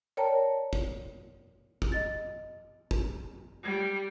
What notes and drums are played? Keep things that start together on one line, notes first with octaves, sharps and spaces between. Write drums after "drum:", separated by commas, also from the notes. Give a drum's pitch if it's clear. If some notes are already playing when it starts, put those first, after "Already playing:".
A#4 C#5 D5 G5 A5 A#5
drum: kick
drum: kick
D#5 A6
drum: kick
G3